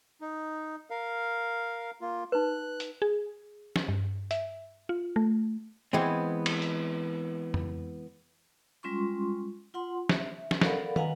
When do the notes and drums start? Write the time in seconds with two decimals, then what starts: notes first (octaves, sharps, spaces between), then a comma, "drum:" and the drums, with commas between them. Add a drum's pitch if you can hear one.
0.21 D#4
0.90 A#4 F5
2.01 A#3 F4
2.32 D#4 B4 F#6
2.80 drum: hi-hat
3.02 G#4
3.76 drum: snare
3.88 G2
4.31 E5, drum: hi-hat
4.89 F4
5.16 A3
5.93 E3 G#3 B3 C4
6.46 drum: cymbal
6.62 drum: hi-hat
7.54 drum: tom F2
8.83 G3 G#3 C#4 F4 C6 C#6
9.74 F4 F#5 C6
10.09 E5, drum: snare
10.51 drum: snare
10.61 A4 A#4 D5 F5 F#5 B5, drum: snare
10.96 B4 D#5 F5 F#5 G#5 A#5, drum: tom